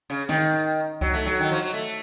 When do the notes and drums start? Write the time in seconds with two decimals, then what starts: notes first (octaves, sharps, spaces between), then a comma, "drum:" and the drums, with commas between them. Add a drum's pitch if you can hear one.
0.10 C#3
0.29 D#3, drum: snare
1.01 F#3, drum: kick C2
1.13 A3
1.26 F#3
1.39 D#3
1.51 F3
1.61 F#3
1.73 A3